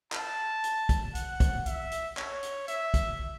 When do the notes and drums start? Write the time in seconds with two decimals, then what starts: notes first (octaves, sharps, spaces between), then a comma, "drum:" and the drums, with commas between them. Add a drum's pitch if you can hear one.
0.12 A5, drum: clap
0.64 drum: hi-hat
0.89 drum: kick, hi-hat
1.15 F#5, drum: hi-hat
1.40 drum: kick, hi-hat
1.66 E5, drum: hi-hat
1.91 drum: hi-hat
2.17 C#5, drum: clap
2.43 drum: hi-hat
2.68 E5, drum: hi-hat
2.94 drum: kick, hi-hat